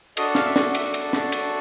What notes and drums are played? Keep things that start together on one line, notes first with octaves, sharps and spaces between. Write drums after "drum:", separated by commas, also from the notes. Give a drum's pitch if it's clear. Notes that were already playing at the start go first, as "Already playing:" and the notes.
D4 F#4 A4 D#5, drum: cymbal
F5, drum: snare
E5
drum: snare
E5, drum: cymbal
drum: cymbal
drum: snare
drum: cymbal